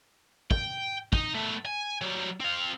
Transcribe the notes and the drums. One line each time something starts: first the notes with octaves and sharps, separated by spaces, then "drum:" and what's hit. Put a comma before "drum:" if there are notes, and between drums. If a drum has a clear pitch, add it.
G5, drum: kick
D#4, drum: kick
A3 B3
G#5
F#3 G3
C4 F5